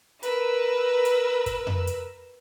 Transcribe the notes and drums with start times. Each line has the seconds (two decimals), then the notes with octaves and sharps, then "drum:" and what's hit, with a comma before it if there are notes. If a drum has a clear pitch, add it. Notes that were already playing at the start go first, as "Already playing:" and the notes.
0.23 A#4 B4 E6, drum: hi-hat
1.05 drum: hi-hat
1.46 drum: kick, hi-hat
1.67 drum: tom F2
1.87 drum: hi-hat